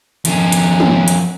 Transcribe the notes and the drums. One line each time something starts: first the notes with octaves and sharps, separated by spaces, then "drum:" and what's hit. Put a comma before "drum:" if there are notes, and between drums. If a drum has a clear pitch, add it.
F2 C#4, drum: hi-hat
drum: hi-hat
drum: tom
drum: hi-hat